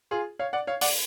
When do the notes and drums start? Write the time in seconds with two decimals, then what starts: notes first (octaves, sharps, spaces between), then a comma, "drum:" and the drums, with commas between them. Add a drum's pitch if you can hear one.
0.11 F4 G#4
0.39 C#5 F5
0.53 D5 F#5
0.67 C#5 F5
0.81 D5 F#5, drum: open hi-hat